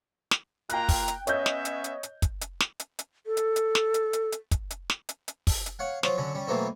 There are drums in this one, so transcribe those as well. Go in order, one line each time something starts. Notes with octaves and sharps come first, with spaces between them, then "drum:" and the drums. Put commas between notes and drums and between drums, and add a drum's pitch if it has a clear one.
drum: snare
A#3 F4 G5 A#5 F#6, drum: hi-hat
drum: kick, open hi-hat
drum: hi-hat
B3 C#4 C#5 D#5 E5 G6, drum: hi-hat
drum: snare
drum: hi-hat
drum: hi-hat
drum: hi-hat
drum: kick, hi-hat
drum: hi-hat
drum: snare
drum: hi-hat
drum: hi-hat
A4
drum: hi-hat
drum: hi-hat
drum: snare
drum: hi-hat
drum: hi-hat
drum: hi-hat
drum: kick, hi-hat
drum: hi-hat
drum: snare
drum: hi-hat
drum: hi-hat
drum: kick, open hi-hat
drum: hi-hat
C#5 F5 F#5
F3 F#3 F4 C#5, drum: snare
D3 F#3 C#4
G3 C#4
B2 E3 F#3 A3 A#3 C4